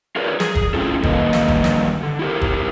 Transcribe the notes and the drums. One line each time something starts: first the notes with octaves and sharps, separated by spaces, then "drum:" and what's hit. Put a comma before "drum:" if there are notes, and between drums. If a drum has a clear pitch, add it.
F4 G#4 A#4 B4 C#5 D5
G#4, drum: snare
drum: kick
A3 C4 C#4 E4 F4 A4
G2 D#3 A#3 B4 D#5, drum: kick
drum: snare
drum: kick
drum: snare
D3
E4 G4 A#4
drum: kick